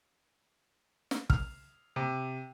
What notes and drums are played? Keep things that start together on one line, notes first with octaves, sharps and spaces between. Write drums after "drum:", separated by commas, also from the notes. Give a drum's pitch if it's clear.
drum: snare
F6, drum: kick
C3